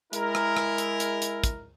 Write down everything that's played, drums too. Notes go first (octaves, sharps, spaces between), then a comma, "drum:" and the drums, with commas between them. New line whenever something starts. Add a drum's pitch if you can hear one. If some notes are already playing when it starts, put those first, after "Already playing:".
G#3 E4 A#4, drum: hi-hat
drum: rim click
drum: rim click
drum: hi-hat
drum: hi-hat
drum: hi-hat
drum: kick, hi-hat